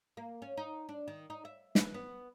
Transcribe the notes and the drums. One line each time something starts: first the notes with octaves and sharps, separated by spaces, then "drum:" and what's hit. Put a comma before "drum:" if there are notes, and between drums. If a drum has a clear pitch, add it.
A#3
C#4
D#4
D4
D#3
D#4
E5
B4, drum: snare
B3